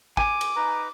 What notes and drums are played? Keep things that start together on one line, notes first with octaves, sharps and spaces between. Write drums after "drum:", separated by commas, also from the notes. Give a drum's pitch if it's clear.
G#5 D6, drum: kick
drum: cymbal
D#4 B4 A#5